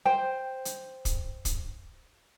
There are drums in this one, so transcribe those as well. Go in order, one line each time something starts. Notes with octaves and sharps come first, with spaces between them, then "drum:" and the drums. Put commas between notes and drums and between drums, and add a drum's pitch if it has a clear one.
C5 G5
drum: hi-hat
drum: kick, hi-hat
drum: kick, hi-hat